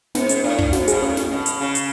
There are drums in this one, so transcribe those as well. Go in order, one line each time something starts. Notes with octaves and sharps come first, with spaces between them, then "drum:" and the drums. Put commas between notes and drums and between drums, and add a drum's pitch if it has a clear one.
G#2 B3, drum: snare
C#4, drum: hi-hat
A2 D4
D4, drum: kick
G#2 F#4, drum: snare
B2 G#4, drum: hi-hat
A2 C#4
C#4, drum: snare
B2
drum: hi-hat
C#3
drum: hi-hat